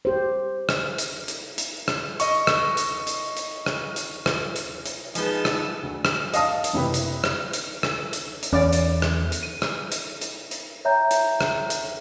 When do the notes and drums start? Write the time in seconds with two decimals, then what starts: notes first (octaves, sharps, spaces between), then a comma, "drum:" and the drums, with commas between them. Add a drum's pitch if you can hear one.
0.05 G4 C5
0.69 drum: rim click
0.98 drum: hi-hat
1.28 drum: hi-hat
1.58 drum: hi-hat
1.88 drum: rim click
2.20 D#5 C#6, drum: hi-hat
2.47 drum: rim click
2.77 drum: hi-hat
3.07 drum: hi-hat
3.37 drum: hi-hat
3.66 drum: rim click
3.96 drum: hi-hat
4.26 drum: rim click
4.56 drum: hi-hat
4.86 drum: hi-hat
5.15 F3 G#3 B3 D#4 G#4 B4 A5, drum: hi-hat
5.45 drum: rim click
5.83 D2
6.05 drum: rim click
6.34 D#5 F5 A5 D#6, drum: hi-hat
6.64 drum: hi-hat
6.73 F#1 C3 E4 G4 B4
6.94 drum: hi-hat
7.24 drum: rim click
7.53 drum: hi-hat
7.83 drum: rim click
8.13 drum: hi-hat
8.43 drum: hi-hat
8.53 E2 C#4 D5
8.73 drum: hi-hat
9.02 drum: rim click
9.32 drum: hi-hat
9.43 D#7
9.62 drum: rim click
9.92 drum: hi-hat
10.21 drum: hi-hat
10.51 drum: hi-hat
10.85 C#5 E5 G5 A#5 G6
11.11 drum: hi-hat
11.41 drum: rim click
11.70 drum: hi-hat